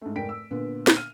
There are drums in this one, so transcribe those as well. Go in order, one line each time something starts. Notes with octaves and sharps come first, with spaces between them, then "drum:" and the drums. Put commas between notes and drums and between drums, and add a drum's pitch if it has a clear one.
G#2 A3
F1 G#2 A#4 G5 B6 D7
E6
A#2 D3 B3
drum: snare
F6 D#7